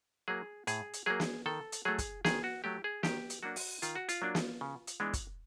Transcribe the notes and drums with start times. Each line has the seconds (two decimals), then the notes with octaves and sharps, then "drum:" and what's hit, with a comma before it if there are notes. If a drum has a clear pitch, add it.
0.28 F#3 A#3 G#4
0.67 A2 G#4, drum: hi-hat
0.93 drum: hi-hat
1.06 F#3 A#3 G#4
1.20 drum: snare
1.46 D#3 A4
1.72 drum: hi-hat
1.85 F#3 A3 G#4
1.98 drum: kick, hi-hat
2.25 D#3 G#4, drum: snare
2.44 F#4
2.64 F#3 A3 G4
2.84 G#4
3.03 D#3 G4, drum: snare
3.30 drum: hi-hat
3.43 F#3 A#3 D4 F#4
3.56 drum: open hi-hat
3.82 D#3 F4, drum: hi-hat
3.95 F#4
4.09 F4, drum: hi-hat
4.22 F#3 A#3 D4
4.35 drum: snare
4.61 C#3
4.87 drum: hi-hat
5.00 E3 G#3 B3 D4
5.13 drum: kick, hi-hat